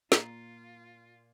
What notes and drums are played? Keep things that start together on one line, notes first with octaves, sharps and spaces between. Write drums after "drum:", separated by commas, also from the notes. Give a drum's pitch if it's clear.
A#2 F4 A#5, drum: snare